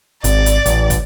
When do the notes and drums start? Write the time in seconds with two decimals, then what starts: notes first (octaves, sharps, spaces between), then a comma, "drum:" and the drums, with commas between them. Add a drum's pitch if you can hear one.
0.24 G#1 D5, drum: hi-hat
0.46 drum: hi-hat
0.66 A1, drum: hi-hat
0.90 drum: kick, hi-hat